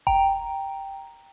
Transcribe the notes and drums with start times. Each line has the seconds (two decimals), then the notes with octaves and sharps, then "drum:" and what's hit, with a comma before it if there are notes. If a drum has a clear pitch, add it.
0.07 G5 A#5, drum: kick E1